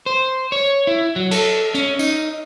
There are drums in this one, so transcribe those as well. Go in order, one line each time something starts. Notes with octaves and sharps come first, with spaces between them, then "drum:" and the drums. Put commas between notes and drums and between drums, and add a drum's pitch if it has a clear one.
C5
C#5
E4
F#3
A4, drum: cymbal
C#4, drum: hi-hat
D#4, drum: tambourine